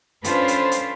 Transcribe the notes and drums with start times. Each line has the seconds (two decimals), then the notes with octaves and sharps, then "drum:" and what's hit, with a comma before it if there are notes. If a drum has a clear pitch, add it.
0.24 C#4 D4 F4 A4 B4 C5, drum: hi-hat
0.48 drum: hi-hat
0.72 drum: hi-hat